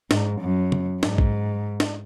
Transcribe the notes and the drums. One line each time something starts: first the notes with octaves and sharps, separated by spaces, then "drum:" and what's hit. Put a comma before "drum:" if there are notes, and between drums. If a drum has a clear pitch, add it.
G#2, drum: snare
F#2
drum: tom
G#2, drum: snare
drum: kick A#1
drum: snare